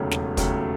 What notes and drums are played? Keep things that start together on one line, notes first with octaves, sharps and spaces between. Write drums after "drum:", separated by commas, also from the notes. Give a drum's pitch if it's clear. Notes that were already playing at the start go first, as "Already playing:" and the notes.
Already playing: E1 D#2 C#3 F#3 A3
E1, drum: snare
D#2 C#3 F#3 A3, drum: kick, hi-hat